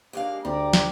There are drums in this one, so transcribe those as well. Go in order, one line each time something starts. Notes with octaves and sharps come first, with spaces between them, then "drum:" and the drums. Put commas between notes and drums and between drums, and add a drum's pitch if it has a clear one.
D#2 G#3 A#3 D4 F5
D2 G3 D5 G5 A#5 D6
drum: snare